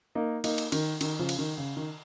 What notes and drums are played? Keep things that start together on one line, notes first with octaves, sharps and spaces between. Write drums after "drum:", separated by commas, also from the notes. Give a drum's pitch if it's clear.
A#3 D#4
A#3 D#4, drum: cymbal
drum: cymbal
D#3, drum: cymbal
D#3, drum: cymbal
C#3 F3
drum: cymbal
D#3
C#3
D#3